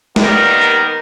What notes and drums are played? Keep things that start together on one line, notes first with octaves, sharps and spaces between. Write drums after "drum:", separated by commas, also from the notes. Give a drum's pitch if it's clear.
D#3 G3 A#3 B3 D#4 A#4, drum: snare